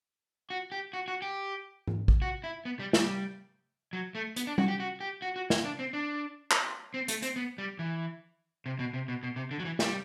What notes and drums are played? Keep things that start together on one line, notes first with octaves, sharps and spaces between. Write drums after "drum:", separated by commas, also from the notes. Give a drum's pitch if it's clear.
F#4
G4
F#4
F#4
G4
drum: tom G#2
drum: kick A1
F#4
E4
B3
G3
G3, drum: snare
F#3
A3
B3, drum: hi-hat
D4
F#4, drum: tom G3
G4
F#4
G4
F#4
F#4
E4, drum: snare
D4
C4
D4
drum: clap
C4
A3, drum: hi-hat
C4, drum: hi-hat
B3
G3
E3
C3
B2
C3
B2
B2
C3
D3
F#3
E3
G3, drum: snare